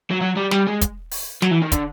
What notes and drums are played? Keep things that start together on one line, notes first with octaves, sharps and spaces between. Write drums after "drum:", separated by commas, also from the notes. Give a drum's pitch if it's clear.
F#3
F#3
G3
G3, drum: snare
G#3
drum: kick, hi-hat
drum: open hi-hat
F#3, drum: snare
E3
D#3
D3, drum: kick, hi-hat